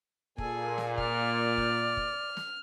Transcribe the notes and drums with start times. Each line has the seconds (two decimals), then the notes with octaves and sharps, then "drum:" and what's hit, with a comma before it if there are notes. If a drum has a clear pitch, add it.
0.38 A#2 G#4 A4 G#5, drum: kick
0.78 drum: snare
0.98 D5 F6, drum: kick
1.57 drum: kick
1.97 drum: kick
2.37 drum: snare